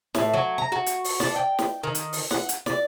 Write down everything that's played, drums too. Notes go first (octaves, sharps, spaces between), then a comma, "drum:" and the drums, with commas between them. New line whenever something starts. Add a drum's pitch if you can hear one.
A2, drum: snare
F#3
A#5
F#4
drum: hi-hat
drum: open hi-hat
D4, drum: snare
G5
drum: snare
D#3
drum: hi-hat
drum: open hi-hat
F#5, drum: snare
drum: hi-hat
D5, drum: snare